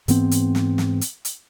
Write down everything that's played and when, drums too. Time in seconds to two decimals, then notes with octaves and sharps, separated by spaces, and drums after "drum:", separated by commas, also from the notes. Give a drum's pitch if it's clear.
0.08 G#2 E3 B3 C4, drum: hi-hat
0.31 drum: hi-hat
0.55 drum: snare
0.78 drum: snare
1.01 drum: hi-hat
1.25 drum: hi-hat